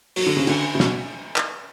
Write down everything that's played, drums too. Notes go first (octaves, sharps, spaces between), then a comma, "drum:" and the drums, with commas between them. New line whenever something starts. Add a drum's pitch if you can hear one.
F#3, drum: open hi-hat
D3
C#3
D3, drum: cymbal
C#3
B2, drum: snare
drum: clap